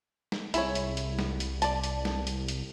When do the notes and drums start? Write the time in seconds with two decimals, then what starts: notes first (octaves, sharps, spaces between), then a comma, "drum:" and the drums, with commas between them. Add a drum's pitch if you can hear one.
0.32 drum: snare
0.54 C2 E4 G#4 C#5, drum: hi-hat
0.75 drum: hi-hat
0.97 drum: hi-hat
1.19 drum: snare
1.40 drum: hi-hat
1.62 D5 A5, drum: hi-hat
1.84 drum: hi-hat
2.05 drum: snare
2.27 drum: hi-hat
2.48 drum: hi-hat